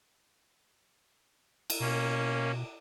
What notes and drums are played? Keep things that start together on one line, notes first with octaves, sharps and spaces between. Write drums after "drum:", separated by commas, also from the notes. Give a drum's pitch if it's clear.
drum: cymbal
B2 A#3 C#4